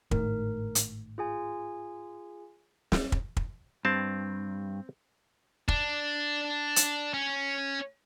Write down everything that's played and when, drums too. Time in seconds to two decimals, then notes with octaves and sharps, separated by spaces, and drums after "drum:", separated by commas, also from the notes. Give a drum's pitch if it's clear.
0.11 G#1 A2 D#3 A#4, drum: kick
0.75 drum: hi-hat
1.18 F4 G#4 G#5
2.92 drum: snare
3.12 drum: kick
3.37 drum: kick
3.85 G2 C4 A5
5.68 D4, drum: kick
6.76 drum: hi-hat
7.14 C#4